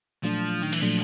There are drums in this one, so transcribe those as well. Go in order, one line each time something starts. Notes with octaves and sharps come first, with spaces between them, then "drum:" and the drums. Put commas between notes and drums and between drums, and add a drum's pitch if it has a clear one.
A#2 F3 F#3 A3 D4
D#3
E3, drum: cymbal
A#2 F3 F#3 A3 D4